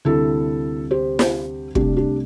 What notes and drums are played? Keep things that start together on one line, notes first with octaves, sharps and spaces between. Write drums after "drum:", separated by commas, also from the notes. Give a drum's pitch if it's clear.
D2 C3 G3 E4 A4
G4 C5
drum: snare
C2 C3 A3 D4 G4, drum: kick
D4 G4